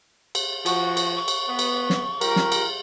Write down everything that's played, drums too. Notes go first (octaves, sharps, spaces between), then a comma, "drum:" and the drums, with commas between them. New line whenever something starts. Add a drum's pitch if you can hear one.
drum: cymbal
F3 F#4 C#6, drum: cymbal
drum: cymbal
C#6
drum: cymbal
B3
drum: cymbal
drum: snare
G3 F4 A#4, drum: cymbal
drum: snare
drum: cymbal